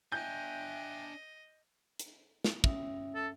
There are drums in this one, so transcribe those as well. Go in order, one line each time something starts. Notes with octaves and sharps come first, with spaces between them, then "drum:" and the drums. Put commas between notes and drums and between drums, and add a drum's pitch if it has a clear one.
D4 D#5 E5 G5 G#5 F#6 G6
drum: hi-hat
drum: snare
C#4 E5, drum: kick
A4